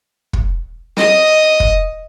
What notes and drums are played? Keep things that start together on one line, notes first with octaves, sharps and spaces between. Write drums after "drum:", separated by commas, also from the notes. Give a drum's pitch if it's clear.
drum: kick
D#5 D#6, drum: snare
drum: kick